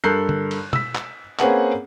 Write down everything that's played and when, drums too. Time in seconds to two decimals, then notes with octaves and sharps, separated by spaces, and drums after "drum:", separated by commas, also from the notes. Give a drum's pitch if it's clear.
0.04 G2 A4 A#4 F#6 G6 C7
0.29 drum: tom D3
0.51 drum: cymbal
0.73 E6 B6, drum: tom
0.95 drum: clap
1.39 A#3 C4 C#4 G#4 B4 F#5, drum: clap